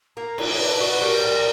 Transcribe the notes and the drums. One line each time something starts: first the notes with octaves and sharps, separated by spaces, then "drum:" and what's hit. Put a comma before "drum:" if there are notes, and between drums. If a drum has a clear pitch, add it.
A#3 A#5
E3, drum: cymbal
C#5
D4 B4
F#4
G3 A#4
A#2